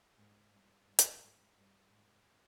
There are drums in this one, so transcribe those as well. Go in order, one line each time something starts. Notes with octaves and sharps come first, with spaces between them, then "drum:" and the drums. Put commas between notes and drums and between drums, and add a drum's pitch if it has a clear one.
G#2
G2
G2
drum: hi-hat
G#2
G2
G#2